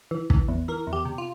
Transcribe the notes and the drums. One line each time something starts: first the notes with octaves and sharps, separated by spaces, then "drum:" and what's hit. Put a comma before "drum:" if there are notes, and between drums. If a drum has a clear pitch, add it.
E3
E3, drum: kick
E2
E3 A#4
E2
G4
C3
F4